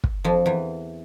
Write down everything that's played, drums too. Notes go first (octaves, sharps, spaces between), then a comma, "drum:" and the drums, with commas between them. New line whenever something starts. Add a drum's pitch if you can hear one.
drum: kick
F2 F3
E2 E3